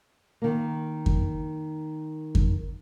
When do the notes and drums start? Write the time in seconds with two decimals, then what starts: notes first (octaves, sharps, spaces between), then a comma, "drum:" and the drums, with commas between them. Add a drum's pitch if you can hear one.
0.42 D#3 A#3
1.06 drum: kick F2
2.35 drum: kick F2